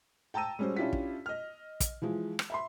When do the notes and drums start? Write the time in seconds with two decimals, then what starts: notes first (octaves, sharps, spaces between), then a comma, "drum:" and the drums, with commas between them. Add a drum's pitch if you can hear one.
0.34 G5 A5 A#5 E6 D#7
0.59 G3 G#3 C#4 F#4 C5
0.76 C#4 D4 E4 F4 G4 B6
0.93 drum: kick
1.26 D#5 F6
1.80 drum: kick, hi-hat
2.02 E3 F3 G#3
2.39 drum: rim click
2.50 E5 B5 C6